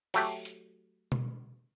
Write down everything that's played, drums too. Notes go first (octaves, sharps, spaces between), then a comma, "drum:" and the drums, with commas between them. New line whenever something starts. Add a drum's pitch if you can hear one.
F#3 A3 G4, drum: open hi-hat
drum: hi-hat
drum: tom B2